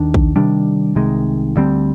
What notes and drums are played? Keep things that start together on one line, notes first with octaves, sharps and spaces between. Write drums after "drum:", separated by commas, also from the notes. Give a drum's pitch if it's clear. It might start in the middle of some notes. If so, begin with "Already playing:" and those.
Already playing: D#2 D#3 D4
drum: kick
C3 D#3 G3 D4
C2 C3 D#3 G#3
D2 D3 G3 C4